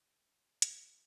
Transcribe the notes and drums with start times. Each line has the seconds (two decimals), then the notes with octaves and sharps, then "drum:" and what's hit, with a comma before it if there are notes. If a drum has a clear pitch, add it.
0.03 D3 E3 G#3
0.62 drum: hi-hat